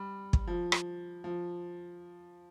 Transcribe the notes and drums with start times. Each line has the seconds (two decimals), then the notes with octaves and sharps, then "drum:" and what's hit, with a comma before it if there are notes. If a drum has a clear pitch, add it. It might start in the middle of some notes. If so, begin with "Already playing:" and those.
Already playing: G3
0.33 drum: kick
0.48 F3
0.72 drum: rim click
1.24 F3